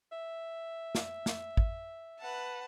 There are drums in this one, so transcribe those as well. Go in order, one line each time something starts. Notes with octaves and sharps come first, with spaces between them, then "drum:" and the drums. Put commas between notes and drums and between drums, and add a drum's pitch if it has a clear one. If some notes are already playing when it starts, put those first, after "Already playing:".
E5
drum: snare
drum: snare
drum: kick
B4 F#5 A5